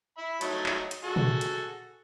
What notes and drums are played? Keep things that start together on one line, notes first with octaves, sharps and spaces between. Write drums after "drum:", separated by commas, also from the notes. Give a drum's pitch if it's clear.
E5 B5
F#3 A3 D#4, drum: hi-hat
drum: clap
drum: hi-hat
F#4 G#4 A4
drum: tom
drum: hi-hat